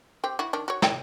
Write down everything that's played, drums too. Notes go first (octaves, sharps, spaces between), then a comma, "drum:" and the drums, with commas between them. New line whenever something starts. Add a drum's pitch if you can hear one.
C4 G4
E4 F#4
D#3 D4
F#4 C#5
C#5 G5, drum: snare